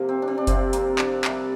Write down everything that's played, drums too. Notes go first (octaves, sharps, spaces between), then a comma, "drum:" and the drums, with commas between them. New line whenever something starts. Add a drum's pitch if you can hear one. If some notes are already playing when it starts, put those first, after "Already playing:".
Already playing: C3 F3 A#3
C4
D4
C4
D4
C3 F3 C4, drum: kick F#1, hi-hat
A#3, drum: hi-hat
D4, drum: clap
C3 G3, drum: clap